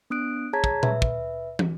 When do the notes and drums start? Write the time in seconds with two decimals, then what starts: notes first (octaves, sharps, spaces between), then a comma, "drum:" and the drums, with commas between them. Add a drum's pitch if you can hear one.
0.10 B3 D4 D#6 F#6 D7
0.53 G#4 C#5 A5 A#5 G#6 B6
0.64 drum: kick
0.83 B4 E5, drum: tom A#2
1.02 drum: kick
1.59 drum: tom